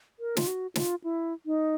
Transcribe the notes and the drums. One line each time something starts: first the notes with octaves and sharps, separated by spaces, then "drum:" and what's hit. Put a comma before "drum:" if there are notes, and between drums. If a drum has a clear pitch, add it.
A#4
F4, drum: snare
F#4
F4, drum: snare
E4
D#4